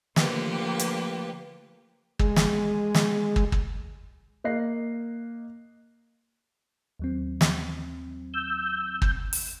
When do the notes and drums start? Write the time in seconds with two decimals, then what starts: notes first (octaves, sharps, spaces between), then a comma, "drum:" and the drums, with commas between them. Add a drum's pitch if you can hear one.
0.16 D3 F3 A3 A#3 G4 B4, drum: snare
0.79 drum: hi-hat
2.19 G#3, drum: kick
2.36 drum: snare
2.95 drum: snare
3.36 drum: kick
3.52 drum: kick
4.44 A#3 D#5 F5 F#6 A#6 C7
6.99 D#2 F#3 C4
7.41 drum: snare
8.34 E6 G6
9.02 drum: kick
9.33 drum: open hi-hat